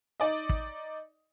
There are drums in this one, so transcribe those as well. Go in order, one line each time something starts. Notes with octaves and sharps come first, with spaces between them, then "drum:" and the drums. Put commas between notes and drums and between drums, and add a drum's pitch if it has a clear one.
D#4 D5 D#5
drum: kick